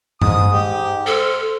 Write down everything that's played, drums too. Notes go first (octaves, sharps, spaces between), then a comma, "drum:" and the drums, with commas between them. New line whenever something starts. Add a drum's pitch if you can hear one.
G#2 D#6, drum: tom G2
G#2 G4
A4 C5 F6